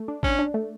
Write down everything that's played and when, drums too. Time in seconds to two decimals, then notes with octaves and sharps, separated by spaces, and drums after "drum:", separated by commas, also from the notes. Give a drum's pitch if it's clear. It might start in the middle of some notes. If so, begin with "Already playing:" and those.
Already playing: A3
0.08 D4
0.23 C#4 D4, drum: kick A1
0.39 D4
0.54 A3